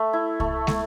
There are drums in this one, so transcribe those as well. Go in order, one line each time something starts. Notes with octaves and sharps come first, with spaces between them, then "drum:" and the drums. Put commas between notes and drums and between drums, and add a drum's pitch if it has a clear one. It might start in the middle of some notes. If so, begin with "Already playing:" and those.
Already playing: A3 E5
E4
A3, drum: kick C2
A3, drum: snare